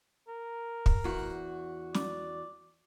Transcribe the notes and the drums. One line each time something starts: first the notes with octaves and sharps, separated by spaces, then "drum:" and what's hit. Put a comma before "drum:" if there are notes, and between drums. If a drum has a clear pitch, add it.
A#4
drum: kick
E2 F#4
D5, drum: snare